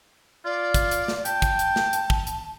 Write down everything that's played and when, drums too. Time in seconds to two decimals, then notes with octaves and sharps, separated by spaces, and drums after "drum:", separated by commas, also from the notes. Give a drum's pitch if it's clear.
0.45 F4 D5
0.74 drum: kick, hi-hat
0.91 drum: hi-hat
1.08 drum: snare
1.25 G5 A5, drum: hi-hat
1.42 drum: kick, hi-hat
1.59 drum: hi-hat
1.76 drum: snare
1.93 drum: hi-hat
2.10 drum: kick
2.27 drum: hi-hat